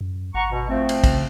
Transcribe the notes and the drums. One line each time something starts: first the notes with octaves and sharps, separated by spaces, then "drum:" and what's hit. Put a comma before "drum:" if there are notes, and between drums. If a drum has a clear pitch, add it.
F#2
G#1 F#5 A#5 C#6
B2
F3 A3 C4
drum: cymbal
C#3, drum: kick, cymbal